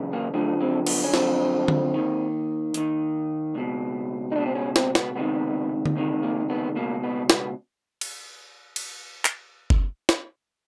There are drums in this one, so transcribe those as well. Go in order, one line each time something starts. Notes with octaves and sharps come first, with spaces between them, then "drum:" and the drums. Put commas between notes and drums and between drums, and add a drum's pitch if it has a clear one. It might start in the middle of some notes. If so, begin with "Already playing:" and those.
Already playing: F#2 C#3 E3
A#3
F#2 D3 F3 A3
C4
B3, drum: cymbal
C#4
F#2 D3 F3 C4, drum: snare
drum: tom D3
D#2 D#3
D#2 D#3, drum: hi-hat
C#2 B2
D#4
C#2 B2 D4
C4
C#4
C4, drum: snare
B3, drum: snare
C#2 C3 D#3 B3
drum: tom D3
C#2 C3 D#3
A#3
B3
C#2 B2 A#3
B3
B3, drum: snare
drum: cymbal
drum: cymbal
drum: clap
drum: kick F#1
drum: snare